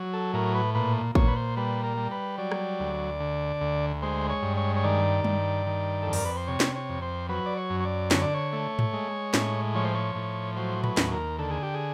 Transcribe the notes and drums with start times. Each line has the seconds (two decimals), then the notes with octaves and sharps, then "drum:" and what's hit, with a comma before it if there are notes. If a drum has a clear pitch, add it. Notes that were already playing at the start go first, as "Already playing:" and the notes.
Already playing: F#3
0.14 A4
0.34 A2 A#4
0.55 B4
0.74 A#2 B4
1.15 A#2 C#5, drum: kick
1.28 B4
1.36 C5
1.57 G3 B4
1.84 A#4
1.97 G3
2.11 B4
2.38 F#3 D5
2.52 drum: rim click
2.80 D2
3.20 D3
3.61 D2
4.02 G#3 C5
4.30 C#5
4.43 G2
4.57 C#5
4.76 C#5
4.84 D#3 D5
5.24 G2, drum: tom G3
5.67 D#3
6.03 F2 A4
6.13 A#4, drum: open hi-hat
6.25 B4
6.37 C5
6.48 C3 C#5
6.60 drum: snare
6.75 C#5
6.89 F2
7.02 C5
7.29 F#3 B4
7.46 D5
7.57 C#5
7.70 F#2
7.80 C#5
7.85 D5
8.11 D3 C#5, drum: snare
8.22 D5
8.34 C#5
8.53 A3
8.79 drum: tom G#2
8.93 G#3
9.34 A2, drum: snare
9.75 F3 C#5
9.85 C5
9.95 C#5
10.15 A2
10.56 F#3 C5
10.84 B4, drum: tom G#2
10.97 D#2, drum: snare
11.12 A#4
11.39 D3 A4
11.51 G#4
11.63 G4
11.74 G#4